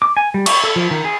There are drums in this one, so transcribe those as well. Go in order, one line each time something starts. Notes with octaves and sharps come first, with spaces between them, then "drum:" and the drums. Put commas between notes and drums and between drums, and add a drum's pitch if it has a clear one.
D6
G#5
G3
C#6, drum: cymbal
A4
F3
D#3
G#4